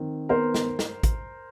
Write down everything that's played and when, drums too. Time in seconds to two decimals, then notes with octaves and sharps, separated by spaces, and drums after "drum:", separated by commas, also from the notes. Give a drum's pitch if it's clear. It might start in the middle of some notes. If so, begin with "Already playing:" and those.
Already playing: D#3 C4
0.29 B3 A#4 C5
0.54 drum: snare
0.79 drum: snare
1.03 drum: kick, hi-hat